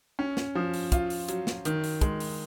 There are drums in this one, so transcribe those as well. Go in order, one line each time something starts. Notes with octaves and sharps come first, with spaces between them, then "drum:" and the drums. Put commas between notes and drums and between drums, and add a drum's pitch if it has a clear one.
C#4
drum: snare
F3
drum: open hi-hat
F4, drum: kick, hi-hat
drum: open hi-hat
F#3, drum: hi-hat
drum: snare
D#3, drum: hi-hat
drum: open hi-hat
G#3, drum: kick, hi-hat
drum: open hi-hat